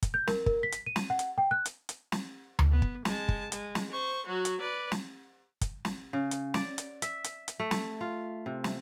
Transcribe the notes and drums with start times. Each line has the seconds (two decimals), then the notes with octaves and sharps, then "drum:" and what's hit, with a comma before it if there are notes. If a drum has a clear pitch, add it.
0.03 drum: kick, hi-hat
0.14 G6
0.27 A#4, drum: snare
0.46 A#4, drum: kick
0.63 B6
0.72 drum: hi-hat
0.86 D#7
0.96 drum: snare
1.10 F#5
1.19 drum: hi-hat
1.38 G5
1.51 F#6
1.66 drum: hi-hat
1.89 drum: hi-hat
2.12 drum: snare
2.59 drum: tom D2
2.71 B3
2.82 drum: kick
3.05 G#3 A5, drum: snare
3.29 drum: kick
3.52 G#3, drum: hi-hat
3.75 drum: snare
3.91 C5 C#6
4.26 F#3 F#4
4.45 drum: hi-hat
4.60 B4 D5
4.92 drum: snare
5.61 drum: kick, hi-hat
5.85 drum: snare
6.13 C#3
6.31 drum: hi-hat
6.54 D5, drum: snare
6.78 drum: hi-hat
7.02 E5, drum: hi-hat
7.24 drum: hi-hat
7.48 drum: hi-hat
7.59 A3
7.71 drum: snare
8.01 F4
8.46 C3
8.64 drum: snare